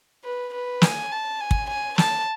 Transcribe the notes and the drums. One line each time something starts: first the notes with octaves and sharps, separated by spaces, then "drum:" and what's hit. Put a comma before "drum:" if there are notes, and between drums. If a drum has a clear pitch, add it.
B4
B4
G#5, drum: snare
A5
G#5
drum: kick
G#5
A5, drum: snare